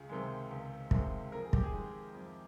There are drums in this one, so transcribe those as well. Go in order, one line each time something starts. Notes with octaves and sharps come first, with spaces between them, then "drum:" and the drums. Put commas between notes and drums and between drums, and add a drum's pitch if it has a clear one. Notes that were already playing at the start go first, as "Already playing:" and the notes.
Already playing: C#2 G#4
C3 D#3 G#3
C#2
C3 D#3 G#3, drum: kick
F2 A#4
G#4
G4, drum: kick
G#4
D#3 G#3
F2